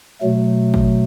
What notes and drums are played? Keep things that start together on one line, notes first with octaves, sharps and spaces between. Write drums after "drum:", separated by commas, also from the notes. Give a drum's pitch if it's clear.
B2 F#3 A3
drum: kick G#1